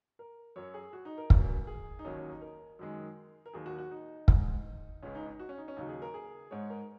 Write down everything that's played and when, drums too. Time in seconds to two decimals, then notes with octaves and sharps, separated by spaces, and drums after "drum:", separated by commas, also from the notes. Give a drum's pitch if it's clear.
0.19 A#4
0.56 F#2 F#3 C#5
0.74 G#4
0.93 F#4
1.05 D#4
1.18 A#4
1.30 C#2 C#3 F#3, drum: kick
1.67 G#4
1.99 D#4
2.05 D#2 D#3 F#3 C#4
2.17 C#4
2.29 D#4
2.42 A#4
2.79 F#2 D#3 G#3
3.46 A#4
3.53 D#2 D#3 F#3 G#4
3.66 F#4
3.78 F#4
3.91 D#4
4.28 G#2 G#3, drum: kick
5.03 C#2 C#3 G#3 C#4
5.15 D#4
5.27 D#4
5.39 F#4
5.49 C#4
5.58 D#4
5.68 C#4
5.77 D#2 C#3 F#3 D#4
5.89 G#4
6.02 A#4
6.14 G#4
6.51 G#2 G#3 C#5
6.70 A#4